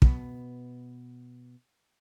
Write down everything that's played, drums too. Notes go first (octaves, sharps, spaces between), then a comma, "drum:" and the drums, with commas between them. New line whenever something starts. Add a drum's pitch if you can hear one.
B2 B3, drum: kick